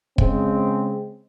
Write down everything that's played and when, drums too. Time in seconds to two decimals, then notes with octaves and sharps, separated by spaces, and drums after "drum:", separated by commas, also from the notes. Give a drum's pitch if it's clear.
0.18 C#3 G#3 C4, drum: kick